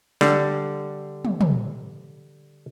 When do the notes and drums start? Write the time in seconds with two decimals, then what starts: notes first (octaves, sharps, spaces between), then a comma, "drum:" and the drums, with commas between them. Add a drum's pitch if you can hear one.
0.21 D3 G3, drum: snare
1.25 drum: tom
1.41 drum: tom